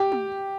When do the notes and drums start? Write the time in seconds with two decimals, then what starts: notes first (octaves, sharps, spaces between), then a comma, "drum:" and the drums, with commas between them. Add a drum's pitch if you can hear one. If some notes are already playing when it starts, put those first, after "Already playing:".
Already playing: G4
0.12 drum: tom